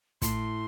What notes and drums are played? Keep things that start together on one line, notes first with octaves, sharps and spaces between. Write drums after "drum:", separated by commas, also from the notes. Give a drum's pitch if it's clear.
A2 C6, drum: kick, hi-hat